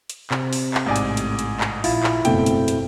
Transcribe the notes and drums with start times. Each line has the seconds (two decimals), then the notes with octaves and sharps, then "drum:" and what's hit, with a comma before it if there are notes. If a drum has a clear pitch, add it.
0.10 drum: hi-hat
0.31 C3, drum: clap
0.53 drum: open hi-hat
0.74 drum: clap
0.86 A1 G#2 D5 G#5
0.96 drum: hi-hat
1.17 drum: hi-hat
1.39 drum: hi-hat
1.60 drum: clap
1.84 A#1 E4 F4, drum: open hi-hat
2.03 drum: clap
2.25 F#1 G#2 B2 A3 C4 G5, drum: hi-hat
2.46 drum: hi-hat
2.68 drum: hi-hat